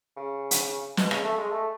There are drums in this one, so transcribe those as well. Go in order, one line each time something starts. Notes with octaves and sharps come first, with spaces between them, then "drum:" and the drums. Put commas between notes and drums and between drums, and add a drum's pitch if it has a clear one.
C#3
drum: hi-hat
B2, drum: snare
C#3, drum: rim click
A3
G#3
A3